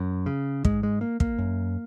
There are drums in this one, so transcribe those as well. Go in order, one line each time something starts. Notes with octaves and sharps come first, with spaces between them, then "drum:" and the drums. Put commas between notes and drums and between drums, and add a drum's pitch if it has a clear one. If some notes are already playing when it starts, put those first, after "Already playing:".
Already playing: F#2
C#3
G#2 G#3, drum: kick
G#3
A#3
A#3, drum: kick
F#2